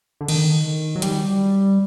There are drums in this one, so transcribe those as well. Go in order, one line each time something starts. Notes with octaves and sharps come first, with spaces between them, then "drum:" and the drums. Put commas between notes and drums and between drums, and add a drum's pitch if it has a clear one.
D3
D#3, drum: cymbal
F#3
G3, drum: hi-hat